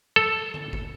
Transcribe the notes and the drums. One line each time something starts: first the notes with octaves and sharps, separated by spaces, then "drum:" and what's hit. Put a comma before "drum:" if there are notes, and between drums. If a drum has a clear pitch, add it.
A4
drum: tom D3
drum: kick G1